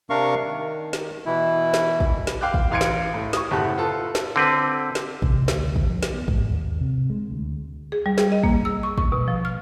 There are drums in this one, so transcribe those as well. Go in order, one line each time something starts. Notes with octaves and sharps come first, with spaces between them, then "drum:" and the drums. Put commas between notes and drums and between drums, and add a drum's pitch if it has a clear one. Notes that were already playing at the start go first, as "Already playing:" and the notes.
C3 D4 A#4 F5 C#6
D#3
drum: snare
B2 E3 E4
drum: snare
drum: kick
drum: snare
F5 G5 D6 F#6
drum: kick
A1 F5 C6 G#6 C#7 D7
drum: snare
A2
C#6 D#6, drum: snare
F#1 A2 G4 F#5 A5 F#6
F4 A4 B4
drum: snare
D3 C4 B4
drum: snare
C3, drum: kick
D2, drum: snare
drum: kick
F3
drum: snare
B3
G#2, drum: kick
D#2
C3
G#3
D2
G#4
G3
G#4, drum: snare
D#5
A#3, drum: kick
E6
C#6
C#6, drum: kick
B2
F3
F6